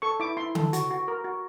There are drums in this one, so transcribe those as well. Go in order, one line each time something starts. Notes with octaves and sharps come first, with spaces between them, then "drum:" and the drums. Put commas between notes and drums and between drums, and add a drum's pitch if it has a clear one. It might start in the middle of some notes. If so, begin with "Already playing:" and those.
A4 C#6
E4 D6
E4 C6
A4, drum: tom D3
F#4, drum: hi-hat
F#4
A#4
F#4